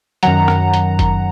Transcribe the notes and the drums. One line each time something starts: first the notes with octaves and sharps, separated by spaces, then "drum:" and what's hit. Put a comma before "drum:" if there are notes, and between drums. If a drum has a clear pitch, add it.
F#2 D#3 F#3 F#5 A#5, drum: hi-hat
drum: rim click
drum: hi-hat
drum: kick, hi-hat